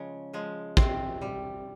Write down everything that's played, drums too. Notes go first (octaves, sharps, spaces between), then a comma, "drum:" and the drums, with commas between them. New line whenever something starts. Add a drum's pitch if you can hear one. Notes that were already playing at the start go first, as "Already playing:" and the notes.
Already playing: C#3 F3 G#3
F3 G#3
C3 C4, drum: kick
G3